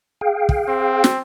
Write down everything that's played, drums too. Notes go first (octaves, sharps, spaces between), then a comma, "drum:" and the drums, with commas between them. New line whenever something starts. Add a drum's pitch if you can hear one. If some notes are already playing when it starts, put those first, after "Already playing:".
G#4 F5 G5
drum: kick
C4
drum: snare